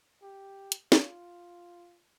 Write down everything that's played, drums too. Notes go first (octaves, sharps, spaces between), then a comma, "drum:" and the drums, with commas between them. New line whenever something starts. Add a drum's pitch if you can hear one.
G4
drum: hi-hat
F4, drum: snare